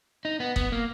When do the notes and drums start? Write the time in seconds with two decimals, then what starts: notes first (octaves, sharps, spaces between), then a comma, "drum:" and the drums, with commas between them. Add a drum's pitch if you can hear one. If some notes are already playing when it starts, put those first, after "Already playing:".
0.25 D#4
0.40 B3
0.56 B3, drum: kick
0.72 A#3